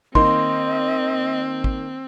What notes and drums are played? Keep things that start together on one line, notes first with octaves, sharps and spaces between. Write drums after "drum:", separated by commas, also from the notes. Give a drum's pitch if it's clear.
D#3 A#3 C4 D#5 C6, drum: kick
drum: kick